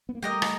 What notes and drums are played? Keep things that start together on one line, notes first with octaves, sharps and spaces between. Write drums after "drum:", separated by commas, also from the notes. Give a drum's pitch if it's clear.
B3
A#3
G3 A3 G4 A#4 D#5
drum: rim click